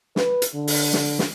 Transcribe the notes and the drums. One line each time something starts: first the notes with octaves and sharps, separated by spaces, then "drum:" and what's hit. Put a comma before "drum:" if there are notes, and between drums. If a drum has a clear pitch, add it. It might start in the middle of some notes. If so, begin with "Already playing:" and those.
B4, drum: snare
drum: hi-hat
D3
drum: open hi-hat
drum: snare
drum: snare